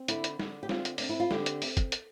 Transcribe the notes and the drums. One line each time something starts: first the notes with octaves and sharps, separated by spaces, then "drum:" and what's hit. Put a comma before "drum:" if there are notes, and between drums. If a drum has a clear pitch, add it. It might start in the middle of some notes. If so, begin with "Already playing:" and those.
Already playing: C4
D3 E4, drum: hi-hat
drum: hi-hat
D3, drum: snare
G4
C4 F4, drum: snare
drum: hi-hat
C4 D4, drum: open hi-hat
E4
F4
D3 G4, drum: snare
drum: hi-hat
C4, drum: open hi-hat
drum: kick, hi-hat
drum: hi-hat